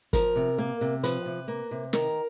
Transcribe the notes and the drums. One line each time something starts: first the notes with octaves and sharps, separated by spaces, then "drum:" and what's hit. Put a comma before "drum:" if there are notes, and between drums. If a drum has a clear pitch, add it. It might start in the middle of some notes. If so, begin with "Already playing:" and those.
F3 A#4, drum: kick, hi-hat
C3
A#3
C3
F3 B4, drum: hi-hat
C3
A#3
C3
D#3 A#4, drum: snare